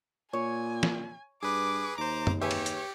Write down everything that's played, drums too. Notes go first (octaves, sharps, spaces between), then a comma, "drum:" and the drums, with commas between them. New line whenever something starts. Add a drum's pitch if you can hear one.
A#2 C#5 G#5
drum: snare
G2 G#4 B4 D6
D#2 C5 A#5 D6
drum: tom F#2
G4 G#4 B4 C#5 E5
drum: cymbal
drum: hi-hat